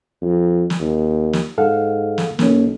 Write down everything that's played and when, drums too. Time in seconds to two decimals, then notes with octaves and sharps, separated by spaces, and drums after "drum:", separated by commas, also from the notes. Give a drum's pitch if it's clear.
0.22 F2
0.70 drum: snare
0.80 D#2
1.33 drum: snare
1.58 G#2 A4 F5 F#5
2.18 drum: snare
2.39 B1 A#3 C#4, drum: snare